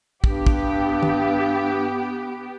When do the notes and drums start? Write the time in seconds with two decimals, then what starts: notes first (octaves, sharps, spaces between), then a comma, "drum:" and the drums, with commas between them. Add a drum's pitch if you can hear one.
0.24 G2 B3 G4, drum: kick
0.47 drum: kick
1.03 drum: tom